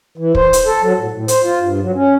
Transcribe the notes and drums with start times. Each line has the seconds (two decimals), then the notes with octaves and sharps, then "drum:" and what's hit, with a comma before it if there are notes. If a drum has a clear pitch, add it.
0.18 E3
0.35 C5, drum: kick
0.53 drum: hi-hat
0.66 A4
0.82 F#3
0.99 A2
1.12 A2
1.28 C5, drum: hi-hat
1.43 F4
1.59 G2
1.82 F#3
1.95 C#4